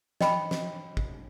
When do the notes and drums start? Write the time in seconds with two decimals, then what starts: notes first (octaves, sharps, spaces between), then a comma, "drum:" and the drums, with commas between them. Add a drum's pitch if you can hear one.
0.21 D#5 G5 B5, drum: snare
0.51 drum: snare
0.97 drum: kick